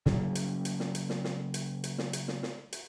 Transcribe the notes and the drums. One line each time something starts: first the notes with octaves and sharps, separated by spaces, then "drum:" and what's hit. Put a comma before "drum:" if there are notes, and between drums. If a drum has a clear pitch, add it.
C#3 F#3 G3 A#3, drum: snare
drum: hi-hat
drum: hi-hat
drum: snare
drum: hi-hat
drum: snare
drum: snare
drum: hi-hat
drum: hi-hat
drum: snare
drum: hi-hat
drum: snare
drum: snare
drum: hi-hat